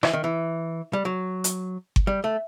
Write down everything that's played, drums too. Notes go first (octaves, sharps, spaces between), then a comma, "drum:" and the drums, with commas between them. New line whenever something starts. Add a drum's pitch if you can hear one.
E3, drum: rim click
D#3
E3
G3
F#3
drum: hi-hat
drum: kick G1
G3
A3